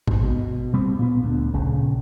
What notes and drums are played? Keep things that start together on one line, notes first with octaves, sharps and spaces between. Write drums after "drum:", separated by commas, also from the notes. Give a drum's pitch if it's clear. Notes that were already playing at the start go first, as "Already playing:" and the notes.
G1 G#2 B2, drum: kick
B2
B2 G3 B3 C4
A#2 B3
D2
A#1 C#3